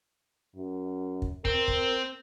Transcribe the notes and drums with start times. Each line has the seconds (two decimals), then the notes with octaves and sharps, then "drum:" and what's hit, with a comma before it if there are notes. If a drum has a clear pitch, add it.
0.56 F#2
1.22 drum: kick
1.45 C4 A#4, drum: kick
1.68 drum: kick